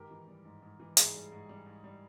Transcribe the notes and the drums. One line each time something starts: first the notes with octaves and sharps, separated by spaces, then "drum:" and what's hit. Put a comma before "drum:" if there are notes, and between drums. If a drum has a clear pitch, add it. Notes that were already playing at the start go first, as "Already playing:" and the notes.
Already playing: G#2 D#3 G4 A#4
E3
G3
G#2
G#2
E3
G#2 E4 G#4, drum: hi-hat
G3
G#2
G3
G#2
G3